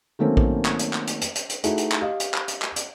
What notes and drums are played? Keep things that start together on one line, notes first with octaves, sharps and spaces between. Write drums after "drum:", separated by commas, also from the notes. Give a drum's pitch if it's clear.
D#3 F#3 A3 A#3 C4 C#4
drum: kick A#1
drum: clap
drum: hi-hat
drum: clap
drum: hi-hat
drum: hi-hat
drum: hi-hat
drum: hi-hat
A3 D#4 E4 F#4 G#4 E5, drum: hi-hat
drum: hi-hat
drum: clap
G4 D#5 F5
drum: hi-hat
drum: clap
drum: hi-hat
drum: clap
drum: hi-hat